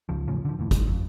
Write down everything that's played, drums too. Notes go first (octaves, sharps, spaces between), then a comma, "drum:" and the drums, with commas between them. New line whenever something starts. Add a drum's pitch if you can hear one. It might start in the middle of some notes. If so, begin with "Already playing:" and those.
C#2 C#3 F3
E2 A2 C#3 F3
D3 F3
F1 D#2 A2
G#2, drum: kick G1, hi-hat
F2